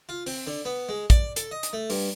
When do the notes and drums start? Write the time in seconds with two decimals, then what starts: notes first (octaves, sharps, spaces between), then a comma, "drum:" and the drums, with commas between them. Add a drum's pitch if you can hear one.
0.09 F4
0.26 C4, drum: open hi-hat
0.47 D3
0.65 B3
0.89 G#3
1.10 D5, drum: kick, hi-hat
1.36 A4, drum: hi-hat
1.51 D#5
1.63 drum: hi-hat
1.73 A3
1.90 G2, drum: open hi-hat